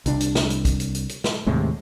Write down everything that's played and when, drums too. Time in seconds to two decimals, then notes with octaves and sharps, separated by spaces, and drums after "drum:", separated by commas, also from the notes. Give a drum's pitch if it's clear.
0.06 C2 D4, drum: hi-hat
0.21 drum: hi-hat
0.35 drum: snare
0.50 drum: hi-hat
0.65 drum: kick, hi-hat
0.80 drum: hi-hat
0.95 drum: hi-hat
1.09 drum: hi-hat
1.24 drum: snare
1.46 D#2 A2 C3 G#3